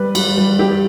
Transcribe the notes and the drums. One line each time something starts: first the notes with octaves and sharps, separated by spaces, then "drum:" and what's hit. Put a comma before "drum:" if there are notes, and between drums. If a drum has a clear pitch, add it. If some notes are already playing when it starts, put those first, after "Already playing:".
Already playing: G3 B4
G3, drum: cymbal
G3
G3 G4